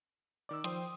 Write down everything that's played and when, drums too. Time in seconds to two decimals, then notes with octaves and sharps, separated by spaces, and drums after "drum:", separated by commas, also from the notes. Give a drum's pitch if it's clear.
0.49 D#3 D5 D6 E6
0.64 F3 C5 G5 C6 D#6, drum: hi-hat